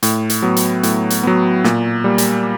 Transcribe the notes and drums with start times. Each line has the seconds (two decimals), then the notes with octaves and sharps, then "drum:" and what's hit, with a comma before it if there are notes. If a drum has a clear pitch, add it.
0.03 A2, drum: hi-hat
0.30 drum: hi-hat
0.42 F#3 B3
0.57 drum: hi-hat
0.83 A2, drum: hi-hat
1.10 drum: hi-hat
1.23 F#3 B3
1.64 A#2, drum: snare
2.04 G3 A#3
2.18 drum: hi-hat